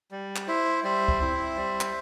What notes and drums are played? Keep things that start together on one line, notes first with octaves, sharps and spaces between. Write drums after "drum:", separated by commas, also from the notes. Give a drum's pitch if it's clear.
G3
drum: clap
E4 C5 E5
G3 C5 E5
drum: kick
C4 E4
G3
drum: clap